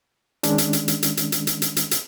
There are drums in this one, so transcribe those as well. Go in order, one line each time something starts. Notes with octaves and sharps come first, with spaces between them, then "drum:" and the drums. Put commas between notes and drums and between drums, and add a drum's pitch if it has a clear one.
D#3 G#3 C#4 D4, drum: hi-hat
drum: hi-hat
drum: hi-hat
drum: hi-hat
drum: hi-hat
drum: hi-hat
drum: hi-hat
drum: hi-hat
drum: hi-hat
drum: hi-hat
drum: hi-hat